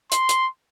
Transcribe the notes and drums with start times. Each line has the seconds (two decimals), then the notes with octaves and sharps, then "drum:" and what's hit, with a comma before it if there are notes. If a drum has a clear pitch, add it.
0.12 C6, drum: hi-hat
0.29 drum: hi-hat